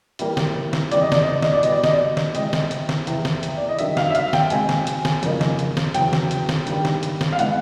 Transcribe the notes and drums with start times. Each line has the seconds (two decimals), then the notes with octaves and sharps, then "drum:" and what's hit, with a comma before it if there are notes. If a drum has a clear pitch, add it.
0.19 A2 E3 G3 A#3, drum: hi-hat
0.37 drum: snare
0.73 drum: snare
0.92 E2 C#3 E3 G3 C4 D5, drum: hi-hat
1.01 D#5
1.12 D5, drum: snare
1.21 D#5
1.32 D5
1.42 D#5, drum: snare
1.53 D5
1.63 B2 G3 B3 D#5, drum: hi-hat
1.72 D5
1.84 D#5, drum: snare
1.93 D5
2.17 drum: snare
2.35 C3 E3 G#3 C4 D#5, drum: hi-hat
2.53 drum: snare
2.71 drum: hi-hat
2.89 drum: snare
3.07 E2 C3 E3, drum: hi-hat
3.25 drum: snare
3.43 drum: hi-hat
3.57 D5
3.69 D#5
3.79 G2 D#3 F#3 E5, drum: hi-hat
3.97 F5, drum: snare
4.10 E5
4.15 F5, drum: hi-hat
4.33 G5, drum: snare
4.50 B2 G#3 C4 D#4 G#5, drum: hi-hat
4.69 drum: snare
4.87 drum: hi-hat
5.05 drum: snare
5.23 F2 C#3 F3 A#3 D#4, drum: hi-hat
5.41 drum: snare
5.59 drum: hi-hat
5.77 drum: snare
5.94 E2 C#3 F#3 G5, drum: hi-hat
6.13 drum: snare
6.31 drum: hi-hat
6.49 drum: snare
6.67 G2 D#3 G3, drum: hi-hat
6.85 drum: snare
7.03 drum: hi-hat
7.21 drum: snare
7.33 F5
7.39 E3 G#3 B3 D#4 F#5, drum: hi-hat